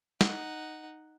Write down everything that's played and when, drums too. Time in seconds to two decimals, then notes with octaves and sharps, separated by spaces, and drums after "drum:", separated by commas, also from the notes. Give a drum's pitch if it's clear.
0.21 D#4 F#5, drum: snare